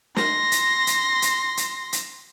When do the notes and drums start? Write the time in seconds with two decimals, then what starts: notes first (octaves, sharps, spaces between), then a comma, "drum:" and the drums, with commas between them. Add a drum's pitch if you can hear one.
0.16 C6 A#6, drum: snare
0.52 drum: hi-hat
0.87 drum: hi-hat
1.22 drum: hi-hat
1.57 drum: hi-hat
1.93 drum: hi-hat